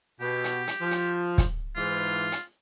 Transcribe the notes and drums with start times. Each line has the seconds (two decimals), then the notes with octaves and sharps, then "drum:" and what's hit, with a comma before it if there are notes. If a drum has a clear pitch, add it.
0.21 B2 G4
0.44 drum: hi-hat
0.67 drum: hi-hat
0.81 F3
0.91 drum: hi-hat
1.38 drum: kick, hi-hat
1.76 G#2 E3 F4
2.32 drum: hi-hat